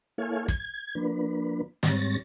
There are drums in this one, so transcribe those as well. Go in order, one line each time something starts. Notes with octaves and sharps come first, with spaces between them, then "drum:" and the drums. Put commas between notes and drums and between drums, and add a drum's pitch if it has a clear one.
A#3 E4 A4 C#5 F5 G#5
G#6, drum: kick
F3 A#3 D4 B4
G#2 G3 C4 C#5 A6 A#6, drum: snare